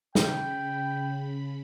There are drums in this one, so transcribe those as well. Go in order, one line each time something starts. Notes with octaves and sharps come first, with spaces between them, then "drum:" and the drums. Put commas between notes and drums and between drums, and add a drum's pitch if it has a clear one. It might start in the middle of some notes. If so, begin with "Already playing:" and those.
C#3 G5 B5, drum: snare